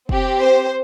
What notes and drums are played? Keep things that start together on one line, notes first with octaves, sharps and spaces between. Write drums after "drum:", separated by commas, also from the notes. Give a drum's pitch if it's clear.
C4 G4, drum: kick
C5